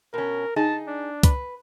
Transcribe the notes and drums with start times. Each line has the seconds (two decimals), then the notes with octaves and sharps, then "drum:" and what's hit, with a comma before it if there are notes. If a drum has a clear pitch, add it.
0.14 B2 C#4 A#4
0.56 D#4 G#4 A5
0.87 D4
1.23 B4, drum: kick, hi-hat